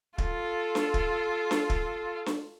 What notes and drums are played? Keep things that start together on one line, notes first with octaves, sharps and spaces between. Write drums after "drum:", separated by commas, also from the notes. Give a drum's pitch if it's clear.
F4 A4, drum: kick
drum: snare
drum: kick
drum: snare
drum: kick
drum: snare